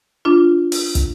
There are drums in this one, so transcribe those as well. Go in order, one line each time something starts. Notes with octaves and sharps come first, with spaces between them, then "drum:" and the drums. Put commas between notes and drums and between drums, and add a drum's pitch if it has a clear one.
D4 F4
drum: open hi-hat
drum: kick, hi-hat